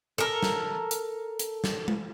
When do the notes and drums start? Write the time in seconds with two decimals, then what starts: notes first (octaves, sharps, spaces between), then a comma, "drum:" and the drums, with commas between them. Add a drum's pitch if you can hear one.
0.18 A4 A#4
0.43 drum: snare
0.91 drum: hi-hat
1.39 drum: hi-hat
1.64 drum: snare
1.88 drum: tom G#3